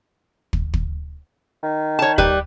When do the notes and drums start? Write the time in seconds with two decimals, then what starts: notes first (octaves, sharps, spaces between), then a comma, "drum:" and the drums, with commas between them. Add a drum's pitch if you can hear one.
0.53 drum: kick
0.74 drum: kick
1.63 D#3
1.99 C#5 A5
2.18 G3 B4, drum: kick